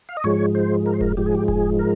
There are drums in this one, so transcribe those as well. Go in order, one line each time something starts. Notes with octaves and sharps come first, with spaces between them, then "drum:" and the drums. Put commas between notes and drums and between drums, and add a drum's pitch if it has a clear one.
F5
D#5
G#2 F3 G#3 C#5
C5
A#4
C5
A#4, drum: kick E1
G#2 F3 G#3 G4
G#4
G4
G#4, drum: kick E1
A#4